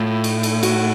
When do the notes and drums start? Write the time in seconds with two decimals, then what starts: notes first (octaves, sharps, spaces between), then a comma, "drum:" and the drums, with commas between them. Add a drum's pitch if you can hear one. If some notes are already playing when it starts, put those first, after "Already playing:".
Already playing: A2 F4
0.24 drum: cymbal
0.43 drum: cymbal
0.63 F#4, drum: cymbal